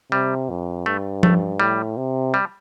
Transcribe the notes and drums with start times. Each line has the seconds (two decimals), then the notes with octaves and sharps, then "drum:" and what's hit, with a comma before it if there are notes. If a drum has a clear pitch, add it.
0.12 C3 G3
0.50 F2
0.86 G2 A3
1.23 A3, drum: tom F3
1.60 A2 G3
1.97 C3
2.34 G3